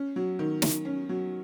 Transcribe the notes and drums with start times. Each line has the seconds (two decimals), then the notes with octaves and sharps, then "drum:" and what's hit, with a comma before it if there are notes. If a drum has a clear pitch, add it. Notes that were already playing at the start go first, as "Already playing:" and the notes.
Already playing: C#4
0.16 F#3
0.39 D#3
0.62 D#3, drum: snare
0.85 C#4
1.09 F#3